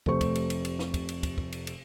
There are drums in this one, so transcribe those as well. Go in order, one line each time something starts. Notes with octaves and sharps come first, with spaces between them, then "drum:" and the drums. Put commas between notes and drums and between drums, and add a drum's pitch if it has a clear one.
F1 C3 A3 C5 C#6, drum: kick
drum: kick, cymbal
drum: cymbal
drum: cymbal
drum: cymbal
drum: snare
drum: kick, cymbal
drum: cymbal
drum: kick, cymbal
drum: kick
drum: cymbal
drum: cymbal